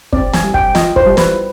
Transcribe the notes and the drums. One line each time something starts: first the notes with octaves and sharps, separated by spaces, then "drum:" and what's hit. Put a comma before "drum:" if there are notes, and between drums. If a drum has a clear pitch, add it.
C4 D5, drum: kick
G#5, drum: snare
G3
G5, drum: kick
F4 D#5, drum: snare
C5, drum: kick
G3
B4, drum: snare